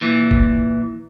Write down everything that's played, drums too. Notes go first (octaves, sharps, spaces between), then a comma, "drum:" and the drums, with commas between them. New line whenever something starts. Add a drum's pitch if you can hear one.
A#2 E3
drum: kick